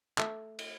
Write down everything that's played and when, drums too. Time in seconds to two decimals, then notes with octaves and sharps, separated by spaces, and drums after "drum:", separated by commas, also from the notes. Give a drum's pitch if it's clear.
0.18 A3, drum: clap
0.59 drum: cymbal